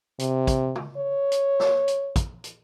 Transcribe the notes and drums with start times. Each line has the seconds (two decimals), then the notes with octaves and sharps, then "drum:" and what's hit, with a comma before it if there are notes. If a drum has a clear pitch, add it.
0.19 C3, drum: hi-hat
0.47 drum: kick, hi-hat
0.75 drum: tom
0.97 C#5
1.32 drum: hi-hat
1.60 drum: snare
1.88 drum: hi-hat
2.16 drum: kick, hi-hat
2.44 drum: hi-hat